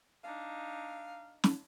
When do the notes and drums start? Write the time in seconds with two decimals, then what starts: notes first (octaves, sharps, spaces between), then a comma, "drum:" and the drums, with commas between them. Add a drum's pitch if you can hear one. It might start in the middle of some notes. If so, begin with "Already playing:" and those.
0.24 D4 D#4 F5
1.44 drum: snare